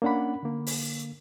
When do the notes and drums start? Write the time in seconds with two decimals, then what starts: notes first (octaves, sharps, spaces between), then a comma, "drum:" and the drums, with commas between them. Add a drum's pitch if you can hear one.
0.02 A#3 C#4 D4 F#5 B5
0.43 D3 A#3
0.67 drum: open hi-hat